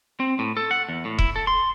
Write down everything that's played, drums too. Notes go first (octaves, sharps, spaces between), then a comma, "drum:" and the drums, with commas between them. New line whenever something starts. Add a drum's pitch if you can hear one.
C4
A2
A4
F#5
E2
A2
E4, drum: kick D#1
A4
C6